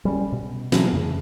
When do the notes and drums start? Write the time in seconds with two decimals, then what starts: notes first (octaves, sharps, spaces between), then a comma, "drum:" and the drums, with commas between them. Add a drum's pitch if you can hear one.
0.05 G3 C#4
0.32 B2
0.72 E3 F#3 A3 A#3, drum: snare
0.93 F2 C#3 E3 A3